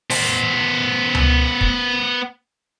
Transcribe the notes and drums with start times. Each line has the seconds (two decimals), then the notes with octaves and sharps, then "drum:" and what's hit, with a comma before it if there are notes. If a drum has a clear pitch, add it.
0.10 B3 C5, drum: open hi-hat
1.15 drum: tom C#2
1.61 drum: kick